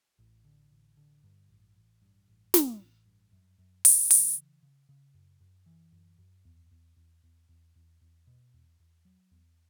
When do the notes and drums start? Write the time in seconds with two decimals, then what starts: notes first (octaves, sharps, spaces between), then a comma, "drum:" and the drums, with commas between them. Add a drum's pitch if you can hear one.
0.19 A1
0.45 D3
0.71 A1
0.97 D3
1.24 G2
1.49 A1
1.76 A1
2.02 G2
2.28 A1
2.54 A1, drum: snare
2.80 A1
3.06 G2
3.32 F#2
3.58 F#2
3.85 F#2, drum: open hi-hat
4.11 E3, drum: open hi-hat
4.36 C#3
4.63 C#3
4.89 C#3
5.14 F#2
5.40 F#2
5.66 E3
5.92 F#2
6.18 F#2
6.45 E2
6.71 E2
6.96 E2
7.23 E2
7.49 E2
7.76 E2
8.01 E2
8.27 B2
8.54 E2
8.80 E2
9.05 F#3
9.31 E2